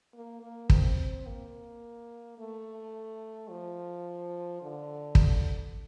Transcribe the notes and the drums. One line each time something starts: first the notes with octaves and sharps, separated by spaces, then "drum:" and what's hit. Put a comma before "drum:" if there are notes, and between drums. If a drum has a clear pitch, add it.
A#3
A#3
C4, drum: kick
A#3
A3
F3
D3
drum: kick